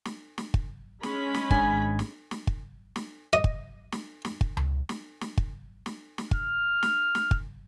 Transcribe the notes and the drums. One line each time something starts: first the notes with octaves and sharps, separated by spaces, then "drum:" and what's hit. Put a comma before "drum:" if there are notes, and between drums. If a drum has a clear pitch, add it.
drum: snare
drum: snare
drum: kick
G#3 C#4 B5, drum: snare
drum: snare
G#1 G#2 D4 D#5 G#5, drum: kick
drum: snare
drum: snare
drum: kick
drum: snare
D#5
drum: kick
drum: snare
drum: snare
drum: kick
drum: tom C#2
drum: snare
drum: snare
drum: kick
drum: snare
drum: snare
F6, drum: kick
drum: snare
drum: snare
drum: kick